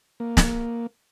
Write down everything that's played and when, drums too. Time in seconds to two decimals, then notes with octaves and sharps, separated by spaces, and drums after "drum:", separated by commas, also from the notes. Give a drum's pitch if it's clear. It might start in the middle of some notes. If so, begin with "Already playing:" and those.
0.20 A#3
0.37 drum: snare